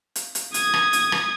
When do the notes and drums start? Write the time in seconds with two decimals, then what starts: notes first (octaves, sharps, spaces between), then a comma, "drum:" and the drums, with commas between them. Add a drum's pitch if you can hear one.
0.16 drum: hi-hat
0.35 drum: hi-hat
0.54 D#6 G#6, drum: hi-hat
0.74 drum: rim click
0.93 drum: hi-hat
1.12 drum: rim click